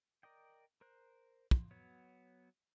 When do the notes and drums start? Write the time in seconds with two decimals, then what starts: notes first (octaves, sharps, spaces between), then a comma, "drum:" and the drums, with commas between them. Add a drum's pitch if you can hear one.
0.23 A#4 D5 D#5 G5
0.81 A#4 C5 F#6
1.51 drum: kick
1.71 F#3 B3 C#5